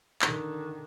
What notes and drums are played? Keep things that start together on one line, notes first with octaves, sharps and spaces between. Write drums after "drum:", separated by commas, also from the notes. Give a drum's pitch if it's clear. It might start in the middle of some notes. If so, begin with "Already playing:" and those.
D3 D#3, drum: clap